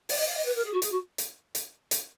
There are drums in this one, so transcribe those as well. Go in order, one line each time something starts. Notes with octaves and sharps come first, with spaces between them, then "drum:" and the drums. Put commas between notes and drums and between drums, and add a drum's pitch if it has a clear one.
D5, drum: open hi-hat
D#5
F5
D#5
B4
A#4
G#4
F#4
G#4, drum: hi-hat
F#4
drum: hi-hat
drum: hi-hat
drum: hi-hat